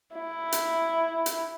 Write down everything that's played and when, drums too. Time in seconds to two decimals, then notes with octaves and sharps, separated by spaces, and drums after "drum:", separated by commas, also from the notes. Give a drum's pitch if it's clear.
0.16 E4
0.52 drum: hi-hat
1.26 drum: hi-hat